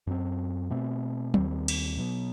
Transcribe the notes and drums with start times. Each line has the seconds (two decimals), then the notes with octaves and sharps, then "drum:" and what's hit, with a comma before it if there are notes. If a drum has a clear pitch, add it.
0.07 F#2 F#3 C4
0.70 B2 A3 C4
1.34 D#2 D#3 G3 C4, drum: tom
1.68 drum: cymbal
1.97 B2 F#3 B3